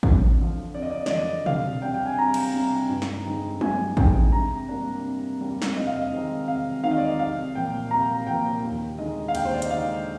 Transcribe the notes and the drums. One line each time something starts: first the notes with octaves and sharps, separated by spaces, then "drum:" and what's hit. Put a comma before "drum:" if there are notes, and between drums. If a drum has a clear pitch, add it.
F2, drum: kick
D3 F3
F2 D5
D#5
D5
D5, drum: snare
D3 F3 D#5
C2 F5, drum: tom
C3 G3 D4 G5
G5
G#5
C2 A#5
drum: cymbal
C3 G3 D4
G2
drum: snare
D3 G#3 C4 D#4
G2 G#5, drum: tom
D3 G#3 C4 D#4 G5, drum: kick
C3 A#5
G3 A#3 D4
C3
G3 A#3 D4
drum: snare
C3 D#5
F5
D#5
D#3 G#3 C4 D#4
C3 F5
D#3 G#3 C4 D#4 F5
D#5
D5
D#5
C2 F5
A#2 F3 A#3 G5
C2 A#5
A#2 F3 A#3 G5
D#2
D3 G#3 D#4 D#5
F5
D#2 G5, drum: cymbal
C5
D5
D#5, drum: hi-hat
D3 G#3 D#4 F5